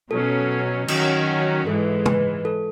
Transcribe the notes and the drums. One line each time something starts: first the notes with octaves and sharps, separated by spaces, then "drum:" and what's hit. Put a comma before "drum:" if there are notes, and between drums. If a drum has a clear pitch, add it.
B2 F#3 C#4 A4
D#3 F#3 C#4 F#4, drum: cymbal
G#2 E3 G#3 A4
B4, drum: tom
A4